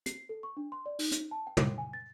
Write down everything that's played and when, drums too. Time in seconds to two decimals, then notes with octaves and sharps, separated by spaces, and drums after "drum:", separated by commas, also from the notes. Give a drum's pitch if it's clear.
0.06 C7, drum: hi-hat
0.29 A4
0.43 C#6
0.57 D4
0.72 C6
0.86 D5
0.99 D#4, drum: open hi-hat
1.12 drum: hi-hat
1.31 A5
1.47 G5
1.57 drum: tom
1.78 G#5
1.93 A6